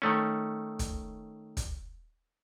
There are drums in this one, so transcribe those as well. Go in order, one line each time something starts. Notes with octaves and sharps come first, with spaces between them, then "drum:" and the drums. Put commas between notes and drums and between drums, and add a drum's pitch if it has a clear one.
D#3 A3 C#4
drum: kick, hi-hat
drum: kick, hi-hat